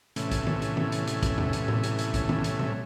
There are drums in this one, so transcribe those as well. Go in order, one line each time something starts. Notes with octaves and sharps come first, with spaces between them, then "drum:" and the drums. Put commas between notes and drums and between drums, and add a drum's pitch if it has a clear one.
A2 C3 E3 A3 C#4, drum: hi-hat
drum: kick, hi-hat
drum: tom
drum: hi-hat
drum: tom
drum: hi-hat
drum: hi-hat
drum: kick, hi-hat
drum: tom E2
drum: hi-hat
drum: tom A2
drum: hi-hat
drum: hi-hat
drum: kick, hi-hat
drum: tom
drum: hi-hat
drum: tom A#2